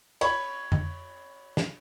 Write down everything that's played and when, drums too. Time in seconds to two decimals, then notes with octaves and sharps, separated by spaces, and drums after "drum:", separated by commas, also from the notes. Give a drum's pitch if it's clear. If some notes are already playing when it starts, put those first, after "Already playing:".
0.21 C#5 B5 C#6, drum: cymbal
0.72 drum: tom F2
1.57 drum: snare